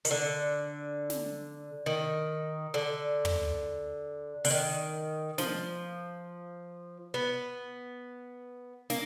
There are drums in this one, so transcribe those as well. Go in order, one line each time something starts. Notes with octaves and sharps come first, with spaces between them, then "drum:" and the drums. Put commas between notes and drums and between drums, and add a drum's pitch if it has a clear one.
D#3, drum: hi-hat
D3
drum: snare
D#3
D3
drum: tom
D3, drum: open hi-hat
D#3
F3, drum: snare
B3
A#3, drum: snare